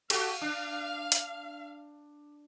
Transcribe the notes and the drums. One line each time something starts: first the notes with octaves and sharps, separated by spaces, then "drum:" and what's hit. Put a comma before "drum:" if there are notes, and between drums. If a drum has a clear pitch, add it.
F#4 G4 A4 F5, drum: cymbal
D4
drum: hi-hat